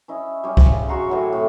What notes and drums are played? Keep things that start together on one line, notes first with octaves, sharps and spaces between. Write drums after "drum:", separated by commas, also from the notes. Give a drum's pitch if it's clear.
C#4 E4 D#5
G3 C#4
drum: kick
C#3
F#4 A#5 C6 C#6
A2 E3 F#3 C#5
A2 C3